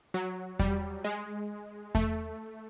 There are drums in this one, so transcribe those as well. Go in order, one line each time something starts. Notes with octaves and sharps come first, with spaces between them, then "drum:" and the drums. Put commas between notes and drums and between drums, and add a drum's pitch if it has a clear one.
F#3
G3, drum: kick E2
G#3
A3, drum: kick E2